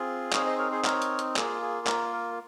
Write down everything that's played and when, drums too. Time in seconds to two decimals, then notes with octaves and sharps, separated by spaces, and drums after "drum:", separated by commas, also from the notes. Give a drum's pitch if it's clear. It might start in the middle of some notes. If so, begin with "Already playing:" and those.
Already playing: C4 F4 G#4
0.33 C4 D#4 G#4 C#5 F5, drum: clap
0.46 C5 D#5
0.58 A#4 C#5
0.71 G#4 C5
0.85 A#4 C#5, drum: clap
1.02 drum: hi-hat
1.19 drum: hi-hat
1.36 A#3 F4 G#4, drum: clap
1.62 G#4
1.87 A#4, drum: clap
2.13 A#4